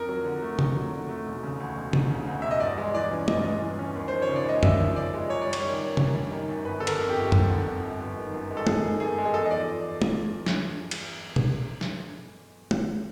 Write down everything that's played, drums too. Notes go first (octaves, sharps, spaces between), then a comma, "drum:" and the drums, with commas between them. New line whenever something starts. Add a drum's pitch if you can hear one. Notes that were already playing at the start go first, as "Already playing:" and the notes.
Already playing: F2 A#4
F#3
D3
A3
F2, drum: tom
F#3
D3
A3
E1
C#3
D2
E1
E1, drum: tom
C#3
D2
E1 E5
D#5
G2 D5
G#3
E3 D5
C#4
G2 D#5, drum: tom
G#3
E3
C#4
D#2
F3 C5
C#5
C#3
D5
G#3 D#5
D#2 E5, drum: tom F#2
F3
C#3 D5
G#3
F#2 C#5
D5
G3
C#5, drum: cymbal
D#3
F#2
F#2, drum: tom
G3
D#3
F#2
G1 B4
D3 A4
A#4, drum: cymbal
F2
G4
G1
G1, drum: tom F#2
D3
F2
G1
G1
D#3
F#2
G#3
A4
G1 G#4, drum: tom
D#3
F#2 G#4
G#3
G#4
E2 A4
D#5
F3 D5
drum: tom
drum: snare
drum: cymbal
drum: tom
drum: snare
drum: tom